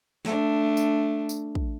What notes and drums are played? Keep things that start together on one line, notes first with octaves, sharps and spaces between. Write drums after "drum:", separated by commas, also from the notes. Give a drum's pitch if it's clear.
A3 D4, drum: snare
drum: tambourine
drum: tambourine
drum: kick